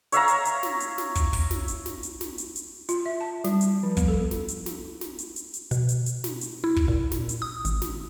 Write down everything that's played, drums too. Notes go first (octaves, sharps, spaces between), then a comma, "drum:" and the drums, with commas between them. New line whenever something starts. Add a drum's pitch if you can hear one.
C#5 E5 F5 A#5, drum: hi-hat
drum: hi-hat
drum: hi-hat
drum: snare
drum: hi-hat
drum: snare
drum: kick, hi-hat
drum: kick, open hi-hat
drum: snare
drum: hi-hat
drum: snare
drum: hi-hat
drum: snare
drum: hi-hat
drum: hi-hat
F4, drum: hi-hat
E5
A5
G3, drum: snare
drum: hi-hat
F3
B3, drum: kick, hi-hat
A4
drum: snare
drum: hi-hat
drum: snare
drum: snare
drum: hi-hat
drum: hi-hat
drum: hi-hat
B2, drum: hi-hat
drum: hi-hat
drum: hi-hat
drum: snare
drum: hi-hat
E4
drum: kick
A#2
drum: snare
drum: hi-hat
D#6
G#1, drum: hi-hat
drum: snare